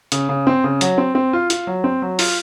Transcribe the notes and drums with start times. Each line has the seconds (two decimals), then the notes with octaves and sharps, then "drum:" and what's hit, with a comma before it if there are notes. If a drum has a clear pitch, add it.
0.12 C#3, drum: hi-hat
0.29 C#3
0.47 C4
0.64 C#3
0.81 F#3, drum: hi-hat
0.98 C4
1.15 C4
1.33 F4
1.50 F4, drum: hi-hat
1.67 F#3
1.84 C4
2.02 F#3
2.19 F4, drum: open hi-hat